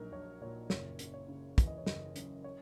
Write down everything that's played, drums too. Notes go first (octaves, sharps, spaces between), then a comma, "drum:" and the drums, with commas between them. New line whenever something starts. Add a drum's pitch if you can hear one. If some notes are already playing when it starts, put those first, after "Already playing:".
Already playing: A#1 A#2 F#3 D#4 A#4
A#1 C#5
A#2 C#5
F#1 C#5, drum: snare
F#2, drum: hi-hat
C#5
C#3
E3, drum: kick, hi-hat
D#5
C#5
F#1 D#5, drum: snare
F#2, drum: hi-hat
C#5